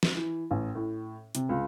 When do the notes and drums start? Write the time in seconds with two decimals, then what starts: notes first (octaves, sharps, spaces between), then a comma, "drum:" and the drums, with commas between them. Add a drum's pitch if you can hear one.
0.03 drum: snare
0.15 E3
0.51 A1
0.75 A2
1.35 C3, drum: hi-hat
1.49 C#2